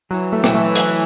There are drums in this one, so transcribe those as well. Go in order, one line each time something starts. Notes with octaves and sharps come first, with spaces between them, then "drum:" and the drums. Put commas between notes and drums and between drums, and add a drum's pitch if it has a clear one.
E3 F#3
A3
E3, drum: rim click
A3
drum: hi-hat